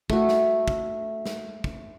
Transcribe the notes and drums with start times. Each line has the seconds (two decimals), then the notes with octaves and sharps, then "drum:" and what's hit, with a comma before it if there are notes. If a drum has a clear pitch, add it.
0.10 A3 F#4, drum: kick
0.29 drum: snare
0.68 drum: kick
1.26 drum: snare
1.64 drum: kick